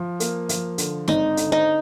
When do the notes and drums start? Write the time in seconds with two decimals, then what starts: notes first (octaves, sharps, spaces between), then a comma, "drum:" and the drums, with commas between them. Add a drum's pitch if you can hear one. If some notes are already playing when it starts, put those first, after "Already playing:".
Already playing: F3
0.20 A#3, drum: hi-hat
0.49 F3, drum: hi-hat
0.78 D3, drum: hi-hat
1.08 G#1 D#4, drum: snare
1.37 D3, drum: hi-hat
1.52 D#4